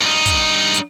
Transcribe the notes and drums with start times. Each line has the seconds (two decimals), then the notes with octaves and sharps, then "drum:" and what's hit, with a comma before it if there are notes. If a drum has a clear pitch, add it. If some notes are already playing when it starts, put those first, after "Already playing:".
0.01 G2 D#4
0.26 drum: kick, hi-hat
0.74 drum: hi-hat